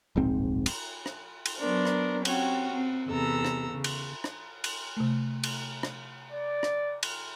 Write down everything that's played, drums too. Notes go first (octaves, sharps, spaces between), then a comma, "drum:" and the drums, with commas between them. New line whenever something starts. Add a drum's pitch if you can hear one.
D1 A#1 G#2 C4
drum: cymbal
drum: rim click
drum: cymbal
F#3 B3 D4 A#4 C5
drum: rim click
C4 C#4 F#4 G4, drum: cymbal
C4
E2 C3 A4 A#5 E6
drum: rim click
C#3
drum: cymbal
drum: rim click
drum: cymbal
C3 A3
drum: cymbal
drum: rim click
D5
drum: rim click
drum: cymbal